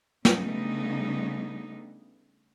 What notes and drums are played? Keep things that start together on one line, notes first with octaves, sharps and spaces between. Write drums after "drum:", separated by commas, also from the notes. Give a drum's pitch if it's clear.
C#3 G3 A3 B3 D4 D#4, drum: snare